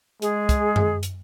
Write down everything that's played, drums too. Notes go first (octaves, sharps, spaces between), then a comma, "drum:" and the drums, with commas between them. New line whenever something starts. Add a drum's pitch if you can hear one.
G#3 G#4, drum: hi-hat
drum: kick, hi-hat
drum: tom F#2
drum: hi-hat